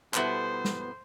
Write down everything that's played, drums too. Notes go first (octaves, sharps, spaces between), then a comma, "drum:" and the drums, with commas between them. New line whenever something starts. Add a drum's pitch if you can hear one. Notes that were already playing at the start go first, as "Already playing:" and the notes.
B2 G3 B3 E4 A4 C5, drum: clap
drum: snare